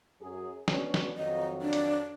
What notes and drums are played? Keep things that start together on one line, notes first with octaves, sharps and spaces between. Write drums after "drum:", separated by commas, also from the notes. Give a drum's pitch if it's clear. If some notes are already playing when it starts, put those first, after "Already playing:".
F#2 F#3 G#4
B3 C#4 D4, drum: snare
drum: snare
F2 D#3 F#3 D#5
D4
drum: hi-hat